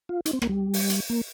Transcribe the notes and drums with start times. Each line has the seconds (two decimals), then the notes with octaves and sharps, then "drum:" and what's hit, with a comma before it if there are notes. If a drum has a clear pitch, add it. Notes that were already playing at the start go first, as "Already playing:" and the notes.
0.09 F4
0.26 D#4, drum: hi-hat
0.33 C4
0.42 A#3, drum: rim click
0.49 G3
0.74 drum: open hi-hat
0.90 drum: hi-hat
1.10 A#3